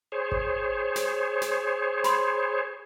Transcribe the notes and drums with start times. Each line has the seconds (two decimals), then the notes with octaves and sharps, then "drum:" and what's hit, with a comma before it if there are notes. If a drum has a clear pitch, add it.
0.12 G#4 C5 C#5
0.32 drum: kick G#1
0.96 drum: snare
1.42 drum: snare
2.04 B5 C6, drum: snare